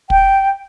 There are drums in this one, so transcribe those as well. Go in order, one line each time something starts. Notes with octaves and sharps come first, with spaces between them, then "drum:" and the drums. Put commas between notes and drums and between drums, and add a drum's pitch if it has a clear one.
G5, drum: kick